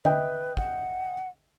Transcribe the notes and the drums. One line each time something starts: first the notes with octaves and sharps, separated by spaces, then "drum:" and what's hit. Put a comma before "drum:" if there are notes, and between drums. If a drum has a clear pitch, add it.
B4 D#5 E5 G5, drum: tom D3
F#5, drum: kick